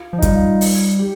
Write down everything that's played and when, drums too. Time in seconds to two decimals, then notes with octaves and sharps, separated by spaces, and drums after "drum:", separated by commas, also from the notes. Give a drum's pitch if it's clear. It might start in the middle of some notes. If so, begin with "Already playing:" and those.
Already playing: F4
0.13 F3
0.18 D#4
0.22 G3 F4, drum: kick, hi-hat
0.61 drum: open hi-hat
0.99 G4